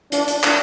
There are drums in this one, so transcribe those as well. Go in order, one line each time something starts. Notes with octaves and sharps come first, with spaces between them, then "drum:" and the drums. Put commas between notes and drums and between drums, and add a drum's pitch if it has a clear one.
D4, drum: hi-hat
drum: hi-hat
drum: clap